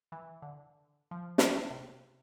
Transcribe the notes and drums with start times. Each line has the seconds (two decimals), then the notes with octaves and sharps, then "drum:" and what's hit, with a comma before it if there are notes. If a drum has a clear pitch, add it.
0.12 E3
0.42 D3
1.11 F3
1.38 drum: snare
1.70 C3